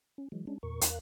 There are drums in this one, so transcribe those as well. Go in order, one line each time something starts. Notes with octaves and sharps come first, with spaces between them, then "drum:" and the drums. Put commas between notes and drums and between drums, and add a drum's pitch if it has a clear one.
C#4
E3 F#3 G#3
G#3 C#4 D4
E2 A#2 A#4 C#6
E2 A#4 F5 F#6, drum: hi-hat